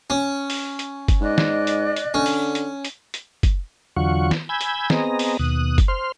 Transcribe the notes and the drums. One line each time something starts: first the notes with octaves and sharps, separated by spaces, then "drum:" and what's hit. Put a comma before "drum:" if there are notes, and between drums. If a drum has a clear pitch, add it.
C#4
drum: open hi-hat
drum: hi-hat
drum: kick, hi-hat
G#2 D5 D#5 F#6
drum: snare
drum: hi-hat
drum: hi-hat
D3 C#4
drum: open hi-hat
drum: hi-hat
drum: hi-hat
drum: hi-hat
drum: kick, hi-hat
E2 D3 F#3 F4 F#5 C#6
drum: snare
G#5 B5 E6 G6 G#6
drum: hi-hat
B3 C4 G#4 D#5 A#5, drum: snare
drum: open hi-hat
D#2 B2 D#6 F#6
drum: kick, hi-hat
C5 C6 F6